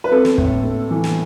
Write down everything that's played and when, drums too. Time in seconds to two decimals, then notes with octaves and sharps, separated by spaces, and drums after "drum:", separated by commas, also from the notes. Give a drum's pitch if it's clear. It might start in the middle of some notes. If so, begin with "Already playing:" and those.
0.04 B4
0.11 C4 A4
0.25 drum: snare
0.38 A2, drum: kick
0.64 A3
0.91 E3
1.04 drum: snare